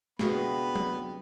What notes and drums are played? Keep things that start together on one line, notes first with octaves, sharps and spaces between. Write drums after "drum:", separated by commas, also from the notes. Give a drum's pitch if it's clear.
D2 C3 G#3 B3 F4 F#4 F5 B5, drum: snare
drum: tom F#3